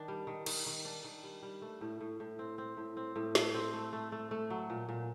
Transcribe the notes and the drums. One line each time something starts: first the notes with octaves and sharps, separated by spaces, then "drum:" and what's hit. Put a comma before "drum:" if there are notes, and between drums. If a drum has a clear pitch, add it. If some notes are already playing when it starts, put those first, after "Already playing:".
Already playing: D#3 D4
G3
D#3
D#3, drum: cymbal
D#3
D4
D#3
G3
G3
A3
A2
A2
A2
C4
C4
A2
C4
A2
A3, drum: snare
C4
A3
A3
A3
A3
F#3
A#2
A#2